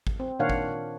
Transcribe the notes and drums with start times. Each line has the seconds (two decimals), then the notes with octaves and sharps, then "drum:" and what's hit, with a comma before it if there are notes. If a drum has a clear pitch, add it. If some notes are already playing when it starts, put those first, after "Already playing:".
0.07 drum: kick
0.20 C4
0.39 A#2 D#3 D4 C#5 F5 F#5
0.50 drum: kick